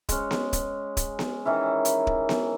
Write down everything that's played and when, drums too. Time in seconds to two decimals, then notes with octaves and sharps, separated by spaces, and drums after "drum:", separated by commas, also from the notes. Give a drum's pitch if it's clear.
0.09 G#3 C#4, drum: kick D1, hi-hat
0.31 drum: snare B3
0.53 drum: kick D1, hi-hat
0.97 drum: kick D1, hi-hat
1.19 drum: snare B3
1.45 D#3 E3 C#4 E4
1.85 drum: hi-hat
2.07 drum: kick D1
2.29 drum: snare B3